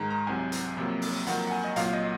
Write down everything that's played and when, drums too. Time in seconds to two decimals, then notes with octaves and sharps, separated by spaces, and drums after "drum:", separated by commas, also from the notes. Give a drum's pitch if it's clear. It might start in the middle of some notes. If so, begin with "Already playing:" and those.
Already playing: G#2 D#3 G#3 A#5
0.10 A#5
0.27 C2 C3 F#3 G#5
0.52 drum: hi-hat
0.77 F2 C3 F#3 A#3
1.02 drum: open hi-hat
1.27 F2 D#3 F#3 A#3 F#5, drum: hi-hat
1.39 A#5
1.47 F#5
1.51 G#5
1.64 D#5
1.76 C2 A#2 F#3 A#3 F5, drum: hi-hat
1.93 D#5